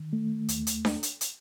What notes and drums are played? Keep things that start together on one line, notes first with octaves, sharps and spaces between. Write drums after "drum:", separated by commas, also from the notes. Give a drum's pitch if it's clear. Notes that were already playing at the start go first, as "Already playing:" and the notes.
Already playing: D#3
A3
D#2, drum: hi-hat
drum: hi-hat
drum: snare D4
drum: hi-hat
drum: hi-hat